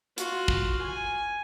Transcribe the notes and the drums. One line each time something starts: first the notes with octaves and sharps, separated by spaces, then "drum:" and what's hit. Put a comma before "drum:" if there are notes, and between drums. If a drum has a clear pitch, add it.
F4 F#4, drum: hi-hat
drum: kick
G#5